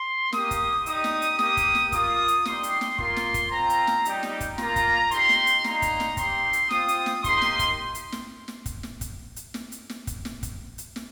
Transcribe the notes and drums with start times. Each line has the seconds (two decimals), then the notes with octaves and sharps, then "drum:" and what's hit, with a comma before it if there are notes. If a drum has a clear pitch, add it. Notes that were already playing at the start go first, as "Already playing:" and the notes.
Already playing: C6
0.32 A#3 G4 D#6, drum: snare
0.51 drum: kick, hi-hat
0.86 G3 D#4 G4 D#6, drum: hi-hat
1.04 drum: snare
1.22 drum: hi-hat
1.39 A#3 G4 D#6, drum: snare
1.57 drum: kick, hi-hat
1.75 drum: snare
1.92 A#3 F4 D#6, drum: kick, hi-hat
2.28 drum: hi-hat
2.45 G3 D#4 G4 C6, drum: snare
2.63 drum: hi-hat
2.81 drum: snare
2.99 A#3 F4 C6, drum: kick
3.16 drum: snare
3.34 drum: kick, hi-hat
3.51 C4 F4 A#5
3.70 drum: hi-hat
3.87 drum: snare
4.05 G3 D#4 G4, drum: hi-hat
4.23 drum: snare
4.40 drum: kick, hi-hat
4.58 A#3 F4 A#5, drum: snare
4.76 drum: kick, hi-hat
5.11 C4 D#4 G4 C6, drum: hi-hat
5.29 drum: snare
5.47 drum: hi-hat
5.64 G3 A#3 D#4 A#5, drum: snare
5.82 drum: kick, hi-hat
6.00 drum: snare
6.17 C4 D#4 G4 C6, drum: kick, hi-hat
6.53 drum: hi-hat
6.70 C4 F4 D#6, drum: snare
6.88 drum: hi-hat
7.06 drum: snare
7.24 A#3 D#4 G4 C6, drum: kick, hi-hat
7.42 drum: snare
7.59 drum: kick, hi-hat
7.95 drum: hi-hat
8.12 drum: snare
8.48 drum: snare
8.66 drum: kick, hi-hat
8.83 drum: snare
9.01 drum: kick, hi-hat
9.36 drum: hi-hat
9.54 drum: snare
9.72 drum: hi-hat
9.90 drum: snare
10.07 drum: kick, hi-hat
10.25 drum: snare
10.43 drum: kick, hi-hat
10.78 drum: hi-hat
10.96 drum: snare